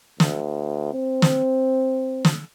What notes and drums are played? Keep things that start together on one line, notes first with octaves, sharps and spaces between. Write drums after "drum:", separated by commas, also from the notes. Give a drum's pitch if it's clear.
D2, drum: snare
C4
drum: snare
drum: snare